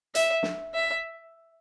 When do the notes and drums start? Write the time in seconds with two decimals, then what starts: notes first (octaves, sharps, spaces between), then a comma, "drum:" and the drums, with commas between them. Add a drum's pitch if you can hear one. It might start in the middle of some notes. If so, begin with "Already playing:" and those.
0.15 E5, drum: hi-hat
0.43 drum: snare
0.75 E5